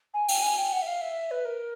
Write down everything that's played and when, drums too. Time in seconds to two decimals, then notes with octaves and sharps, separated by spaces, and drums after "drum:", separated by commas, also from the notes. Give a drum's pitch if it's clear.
0.14 G#5
0.28 G5, drum: open hi-hat
0.42 G#5
0.58 G5
0.72 F#5
0.82 E5
0.87 F5
1.02 E5
1.31 B4
1.45 A#4